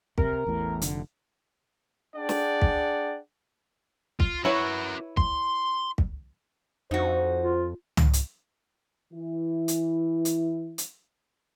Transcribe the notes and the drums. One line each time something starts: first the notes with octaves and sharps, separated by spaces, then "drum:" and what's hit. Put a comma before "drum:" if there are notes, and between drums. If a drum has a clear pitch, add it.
C3 A#4, drum: kick
A1 E2 A2
F1 D3, drum: hi-hat
D4 G#4 D5 F#5 G5
drum: snare
drum: kick
F4, drum: kick
E4 F#4 A#4 B4 C#5
C6, drum: kick
drum: kick
F2 D#4 F#4 C5
F4
drum: tom
drum: hi-hat
E3 E4
drum: hi-hat
drum: hi-hat
drum: hi-hat